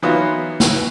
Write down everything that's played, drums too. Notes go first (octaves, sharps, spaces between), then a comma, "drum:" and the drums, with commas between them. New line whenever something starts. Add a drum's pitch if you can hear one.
E3 F#3 A#3 B3 D#4 F4
drum: snare